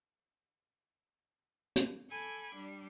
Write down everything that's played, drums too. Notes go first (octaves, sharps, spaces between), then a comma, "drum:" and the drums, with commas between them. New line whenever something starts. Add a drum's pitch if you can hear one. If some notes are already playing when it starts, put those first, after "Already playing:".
drum: hi-hat
A4 G#5 B5 D6 G#6
G3 D4